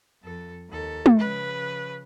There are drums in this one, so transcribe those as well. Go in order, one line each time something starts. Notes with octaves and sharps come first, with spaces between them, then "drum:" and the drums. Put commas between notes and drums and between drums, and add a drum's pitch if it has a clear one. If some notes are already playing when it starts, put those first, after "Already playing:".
F2 A4
D#2 A4
drum: tom
C#3 F3 B4